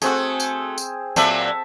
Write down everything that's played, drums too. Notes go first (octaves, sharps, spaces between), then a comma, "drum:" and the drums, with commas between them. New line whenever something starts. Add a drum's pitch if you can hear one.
A3 C4 F#4 G#4, drum: tambourine
drum: tambourine
drum: tambourine
A#2 F#3 C4 A4 E5, drum: tambourine